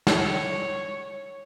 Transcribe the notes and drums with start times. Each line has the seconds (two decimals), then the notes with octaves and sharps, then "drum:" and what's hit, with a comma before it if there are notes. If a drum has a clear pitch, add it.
0.07 C#5, drum: snare